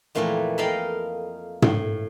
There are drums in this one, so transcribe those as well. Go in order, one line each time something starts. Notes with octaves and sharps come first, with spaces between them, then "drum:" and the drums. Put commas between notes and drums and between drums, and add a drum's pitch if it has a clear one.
F2 A#2 E3 A3 B4 A#5
A#4 D#5 F5 G5 A5 B5
A2, drum: tom